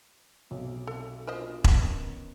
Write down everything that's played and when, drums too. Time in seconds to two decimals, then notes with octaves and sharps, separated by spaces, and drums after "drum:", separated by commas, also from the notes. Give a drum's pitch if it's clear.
0.51 B1 C3
0.87 C3 A4
1.27 D4 F4 A#4 C5 D#5
1.64 D#3 B3 C#4, drum: kick E1